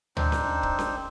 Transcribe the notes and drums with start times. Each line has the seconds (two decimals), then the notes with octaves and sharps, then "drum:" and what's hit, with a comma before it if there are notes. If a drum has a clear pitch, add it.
0.17 C4 D4 D#4 C5, drum: tom D2
0.32 drum: snare C#4
0.63 drum: kick C#1
0.79 drum: snare C#4